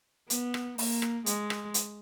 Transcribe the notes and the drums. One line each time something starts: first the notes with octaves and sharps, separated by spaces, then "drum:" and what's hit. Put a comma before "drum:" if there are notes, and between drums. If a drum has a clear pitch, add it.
B3, drum: hi-hat
drum: rim click
A#3, drum: open hi-hat
drum: rim click
G#3, drum: hi-hat
drum: rim click
drum: hi-hat